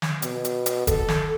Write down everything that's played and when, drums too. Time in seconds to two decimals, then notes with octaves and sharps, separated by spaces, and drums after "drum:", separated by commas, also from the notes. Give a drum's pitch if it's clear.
0.02 drum: snare
0.22 B2, drum: hi-hat
0.45 drum: hi-hat
0.66 drum: hi-hat
0.87 A4, drum: kick F1, hi-hat
1.08 drum: snare